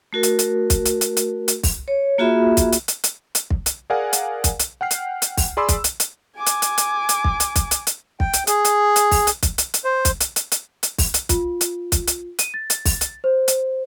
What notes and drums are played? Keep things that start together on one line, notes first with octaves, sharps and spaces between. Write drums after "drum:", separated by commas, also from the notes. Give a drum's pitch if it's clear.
A3 F#4 A#4
drum: hi-hat
drum: hi-hat
drum: kick, hi-hat
drum: hi-hat
drum: hi-hat
drum: hi-hat
drum: hi-hat
drum: kick, open hi-hat
C#5
A#3 F4 F#4 G#4 E5 B5
drum: kick, hi-hat
drum: hi-hat
drum: hi-hat
drum: hi-hat
drum: hi-hat
drum: kick
drum: hi-hat
G#4 A#4 D5 F5 F#5 G#5
drum: hi-hat
drum: kick, hi-hat
drum: hi-hat
F#5 G5 F6 C7
drum: hi-hat
drum: hi-hat
drum: kick, open hi-hat
G#4 D5 B5 C6 D6 E6
drum: kick, hi-hat
drum: hi-hat
drum: hi-hat
G#5 D6
drum: hi-hat
drum: hi-hat
drum: hi-hat
drum: hi-hat
drum: kick
drum: hi-hat
drum: kick, hi-hat
drum: hi-hat
drum: hi-hat
G5, drum: kick
drum: hi-hat
G#4, drum: hi-hat
drum: hi-hat
drum: hi-hat
drum: kick, open hi-hat
drum: hi-hat
drum: kick, hi-hat
drum: hi-hat
drum: hi-hat
C5
drum: kick, hi-hat
drum: hi-hat
drum: hi-hat
drum: hi-hat
drum: hi-hat
drum: kick, open hi-hat
drum: hi-hat
F4, drum: kick, hi-hat
drum: hi-hat
drum: kick, hi-hat
drum: hi-hat
D#7, drum: hi-hat
A6
drum: hi-hat
drum: kick, open hi-hat
drum: hi-hat
C5
drum: hi-hat